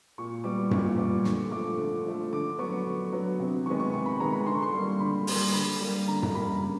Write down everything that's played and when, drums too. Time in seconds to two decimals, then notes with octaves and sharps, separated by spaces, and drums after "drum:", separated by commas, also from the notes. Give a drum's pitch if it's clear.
0.18 A#2 C#6
0.44 G3 B3 D6
0.71 A#2 C#6, drum: tom F#2
0.97 G3 B3 D6
1.24 D3 C#6, drum: snare
1.51 F3 A3 D6
1.78 D3
2.05 F3 A3
2.32 D3 D6
2.59 F#3 B3 C#6
2.86 D3
3.12 F#3 B3
3.40 C3
3.66 D#3 G#3 B3 C#6
3.80 C#6
3.94 C3 C#6
4.06 B5
4.20 D#3 G#3 B3 A#5
4.33 B5
4.46 D3 C6
4.54 C#6
4.62 C6
4.74 G3 A#3
5.00 D3 B5
5.27 G3 A#3, drum: open hi-hat
5.53 D3 B5
5.81 G3 A#3
6.08 D3 A#5
6.23 A#5, drum: tom F#2
6.34 G3 A#3 B5
6.61 C#3